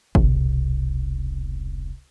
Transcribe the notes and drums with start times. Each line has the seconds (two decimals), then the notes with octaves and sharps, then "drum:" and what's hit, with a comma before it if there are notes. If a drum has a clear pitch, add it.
0.15 E1 C2, drum: kick G1